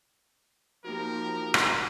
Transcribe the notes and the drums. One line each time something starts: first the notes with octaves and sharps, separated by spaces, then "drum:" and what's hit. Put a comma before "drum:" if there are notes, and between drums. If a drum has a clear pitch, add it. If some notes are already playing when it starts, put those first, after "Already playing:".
F3 A#3 D#4 F#4 G4 A#4
drum: rim click